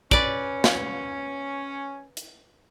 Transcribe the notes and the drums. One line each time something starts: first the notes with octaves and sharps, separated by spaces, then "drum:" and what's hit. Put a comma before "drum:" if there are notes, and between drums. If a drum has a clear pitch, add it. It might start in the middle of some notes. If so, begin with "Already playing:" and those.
C#4 B4 D5, drum: kick
drum: snare
drum: hi-hat